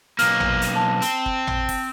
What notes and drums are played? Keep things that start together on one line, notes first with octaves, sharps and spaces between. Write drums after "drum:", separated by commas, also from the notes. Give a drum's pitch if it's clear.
B1 A#3 F6, drum: hi-hat
drum: tom
drum: hi-hat
A5
C4, drum: hi-hat
drum: kick
drum: tom
drum: kick, open hi-hat